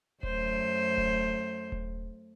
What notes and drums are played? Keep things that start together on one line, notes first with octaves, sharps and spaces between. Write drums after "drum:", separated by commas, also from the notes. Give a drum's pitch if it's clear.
F#2 A3 C5, drum: kick D#1
drum: kick D#1
drum: kick D#1